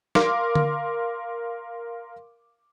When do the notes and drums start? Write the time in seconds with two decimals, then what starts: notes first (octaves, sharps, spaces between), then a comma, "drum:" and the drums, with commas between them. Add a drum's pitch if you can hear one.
0.15 A#4 F5 C6 D6, drum: snare
0.55 drum: tom D3